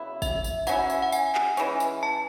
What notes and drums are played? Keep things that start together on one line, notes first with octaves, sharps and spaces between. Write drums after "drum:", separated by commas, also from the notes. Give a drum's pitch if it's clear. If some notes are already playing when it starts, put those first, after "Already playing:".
Already playing: C#3 F#3 B3 E4
E5, drum: kick, tambourine
drum: tambourine
F#3 C#4 E4 F#5, drum: tambourine
drum: tambourine
F#5
G#5, drum: tambourine
drum: clap
E3 G#3 C#4, drum: tambourine
drum: tambourine
A5